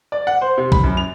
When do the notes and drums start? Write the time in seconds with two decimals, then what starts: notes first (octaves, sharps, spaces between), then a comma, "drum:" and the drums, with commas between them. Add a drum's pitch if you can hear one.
0.12 D5
0.27 F#5
0.41 C5
0.58 C3
0.72 B5, drum: kick
0.84 F#2
0.97 F7